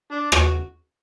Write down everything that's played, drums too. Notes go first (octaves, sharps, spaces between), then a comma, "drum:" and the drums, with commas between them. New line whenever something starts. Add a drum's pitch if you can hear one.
D4
F#4, drum: rim click